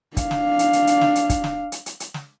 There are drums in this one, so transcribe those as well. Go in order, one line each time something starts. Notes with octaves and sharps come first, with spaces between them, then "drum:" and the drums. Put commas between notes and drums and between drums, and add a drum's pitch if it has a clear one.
D4 F5, drum: kick, hi-hat
drum: snare
drum: hi-hat
drum: hi-hat
drum: hi-hat
drum: snare
drum: hi-hat
drum: kick, hi-hat
drum: snare
drum: hi-hat
drum: hi-hat
drum: hi-hat
drum: snare